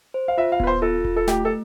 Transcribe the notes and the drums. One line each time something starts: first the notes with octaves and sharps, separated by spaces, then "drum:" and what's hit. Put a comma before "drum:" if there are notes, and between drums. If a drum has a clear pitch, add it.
C5
F5
F4 E5
F5
B3 B4, drum: kick D#1
C5
F4 A4
F4, drum: kick D#1
A4
A3 G4, drum: snare
A4